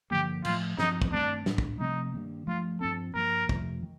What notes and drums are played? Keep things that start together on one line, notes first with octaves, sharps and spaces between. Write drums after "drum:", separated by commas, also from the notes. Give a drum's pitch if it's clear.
G2 D3 F3 A#3 G4
A2 F3 A3 F4, drum: cymbal
G2 F3 C4 D#4, drum: snare
drum: kick
G2 D#3 A3 C4 D4
A2 G3 D4, drum: snare
drum: kick
C3 F3 A3 C4 D#4
G2 D#3 A#3
G2 F3 A3 F4
G2 F3 C4 A4
G2 F3 A#3 A#4
F2 C3 F3 A3, drum: kick
D#3